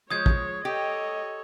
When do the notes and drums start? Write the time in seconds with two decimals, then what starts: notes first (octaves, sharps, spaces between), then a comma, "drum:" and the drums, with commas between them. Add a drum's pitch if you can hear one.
0.10 F3 G#3 C#5 D#6 G#6
0.26 drum: kick
0.65 G4 A4 C#5 D#5